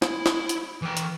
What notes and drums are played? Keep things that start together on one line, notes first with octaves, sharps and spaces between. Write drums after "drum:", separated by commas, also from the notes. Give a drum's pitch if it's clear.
E4, drum: snare
drum: snare
drum: hi-hat
E3 G5
drum: hi-hat